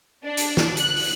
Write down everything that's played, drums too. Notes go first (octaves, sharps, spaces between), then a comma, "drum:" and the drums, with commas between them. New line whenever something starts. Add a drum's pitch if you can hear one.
D4
drum: hi-hat
drum: snare
F#6, drum: hi-hat
drum: open hi-hat